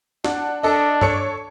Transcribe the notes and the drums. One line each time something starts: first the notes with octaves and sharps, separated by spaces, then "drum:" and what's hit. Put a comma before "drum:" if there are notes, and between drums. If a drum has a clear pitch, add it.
D4 F#5, drum: snare
D4 A4 D#5
A4 C#5 C#7, drum: tom G2